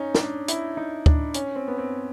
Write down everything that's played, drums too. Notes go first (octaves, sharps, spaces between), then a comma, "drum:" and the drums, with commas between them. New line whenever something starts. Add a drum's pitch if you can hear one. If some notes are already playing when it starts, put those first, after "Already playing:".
Already playing: C#4 D#4
C#4, drum: snare
D4
E4, drum: hi-hat
D#4
D4, drum: kick D2
C#4, drum: hi-hat
C4
B3
C4